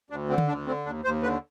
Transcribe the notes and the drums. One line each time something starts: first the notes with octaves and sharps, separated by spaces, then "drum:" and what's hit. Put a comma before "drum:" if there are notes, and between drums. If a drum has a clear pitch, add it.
D2 D4
D3 C4
drum: tom D3
D2 D4
D3 C4
D#2 D4
D#2 C5
D3 B4